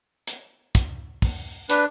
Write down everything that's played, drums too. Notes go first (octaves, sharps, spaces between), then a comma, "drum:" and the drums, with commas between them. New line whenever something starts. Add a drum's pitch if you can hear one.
drum: hi-hat
drum: kick, hi-hat
drum: kick, open hi-hat
D4 B4, drum: hi-hat